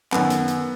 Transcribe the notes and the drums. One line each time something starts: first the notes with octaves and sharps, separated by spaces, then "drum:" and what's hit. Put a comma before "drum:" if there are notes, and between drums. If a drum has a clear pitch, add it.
F#2 D#3 B3, drum: clap
drum: hi-hat
drum: hi-hat